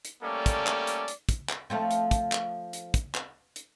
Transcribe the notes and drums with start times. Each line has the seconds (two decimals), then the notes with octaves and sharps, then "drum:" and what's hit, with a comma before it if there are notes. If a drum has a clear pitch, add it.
0.05 drum: hi-hat
0.23 G3 A3 A#3 C#4 A4 D5
0.46 drum: kick, hi-hat
0.67 drum: clap
0.87 drum: hi-hat
1.08 drum: hi-hat
1.29 drum: kick, hi-hat
1.49 drum: clap
1.70 F3 A3 C4
1.91 drum: hi-hat
2.11 drum: kick, hi-hat
2.32 drum: clap
2.73 drum: hi-hat
2.94 drum: kick, hi-hat
3.15 drum: clap
3.56 drum: hi-hat